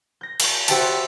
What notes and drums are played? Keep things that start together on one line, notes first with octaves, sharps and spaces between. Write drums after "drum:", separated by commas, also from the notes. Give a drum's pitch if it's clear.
G6 A#6
C#6 G6, drum: cymbal
F#4 G4 C5 E5 G5 A5, drum: cymbal